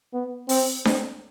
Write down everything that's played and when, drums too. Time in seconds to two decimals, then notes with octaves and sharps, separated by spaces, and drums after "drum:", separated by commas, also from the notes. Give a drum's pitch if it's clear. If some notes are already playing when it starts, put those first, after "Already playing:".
0.13 B3
0.49 C4, drum: open hi-hat
0.85 C4, drum: snare D4